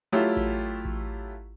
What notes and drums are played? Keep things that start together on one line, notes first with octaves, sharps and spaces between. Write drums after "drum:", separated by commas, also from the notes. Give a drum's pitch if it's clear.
F#3 A3 E4 F4 G4
drum: kick A1
drum: kick A1